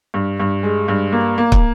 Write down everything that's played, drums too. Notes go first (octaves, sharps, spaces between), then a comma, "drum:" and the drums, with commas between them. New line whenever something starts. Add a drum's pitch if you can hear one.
G2
G2
G#3
G2
A#3
A#3
drum: kick